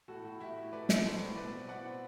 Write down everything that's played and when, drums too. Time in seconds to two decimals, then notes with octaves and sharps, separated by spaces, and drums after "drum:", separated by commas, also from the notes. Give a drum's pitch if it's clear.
0.08 A2 F#4 A4
0.24 A2
0.40 A2 E4 G4
0.56 A2
0.72 A3 B4 D5
0.89 A2, drum: snare
1.04 A2 A4 C5
1.21 A2
1.36 B2 B4 D5
1.53 C4
1.69 B2 D5 F#5
1.85 C4